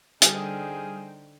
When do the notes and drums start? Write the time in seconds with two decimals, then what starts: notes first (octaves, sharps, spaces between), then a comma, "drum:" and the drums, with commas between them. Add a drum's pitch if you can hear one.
0.22 D3 G3 D#4 G#4 C5 G5 D#6 F6, drum: hi-hat